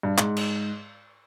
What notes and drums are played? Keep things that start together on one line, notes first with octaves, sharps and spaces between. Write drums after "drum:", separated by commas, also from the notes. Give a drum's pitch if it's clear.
G2
G#2, drum: clap
drum: cymbal